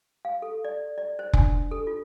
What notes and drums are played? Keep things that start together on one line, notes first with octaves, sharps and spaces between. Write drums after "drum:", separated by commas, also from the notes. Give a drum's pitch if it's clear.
F5
A4
D5
D5
C5
D4, drum: kick F1
A4
F4